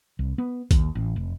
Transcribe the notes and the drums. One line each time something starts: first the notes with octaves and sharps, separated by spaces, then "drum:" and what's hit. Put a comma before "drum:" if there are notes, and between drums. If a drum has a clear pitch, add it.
C2
B3
D#2, drum: kick, hi-hat
A1
F1